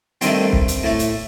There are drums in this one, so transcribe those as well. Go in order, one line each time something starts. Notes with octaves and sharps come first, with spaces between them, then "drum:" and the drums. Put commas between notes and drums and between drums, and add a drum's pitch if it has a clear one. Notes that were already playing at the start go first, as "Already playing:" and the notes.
G2 D#3 A3 C4, drum: hi-hat
drum: kick
drum: hi-hat
A2 A3
drum: hi-hat